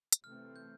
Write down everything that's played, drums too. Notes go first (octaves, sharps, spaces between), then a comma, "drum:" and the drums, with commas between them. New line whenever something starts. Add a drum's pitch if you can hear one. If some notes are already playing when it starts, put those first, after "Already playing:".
drum: hi-hat
C3 E3 A3 C4 F6
G6